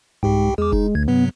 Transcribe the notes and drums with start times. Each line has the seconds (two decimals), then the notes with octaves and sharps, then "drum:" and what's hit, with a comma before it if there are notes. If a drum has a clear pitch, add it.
0.23 C2 G#2 G4 G5
0.58 E2 G#3 D6
0.72 D#4, drum: kick F1
0.95 D2 G#6
1.08 G2 C3 F#3 B3